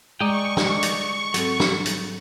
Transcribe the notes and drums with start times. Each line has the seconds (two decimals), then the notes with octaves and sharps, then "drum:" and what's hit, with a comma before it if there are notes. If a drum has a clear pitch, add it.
0.20 G#3 D5 D#5 G5 A#5 C#6
0.57 drum: snare
0.83 drum: hi-hat
1.34 G#2 F#3 C4 A4, drum: hi-hat
1.60 drum: snare
1.86 drum: hi-hat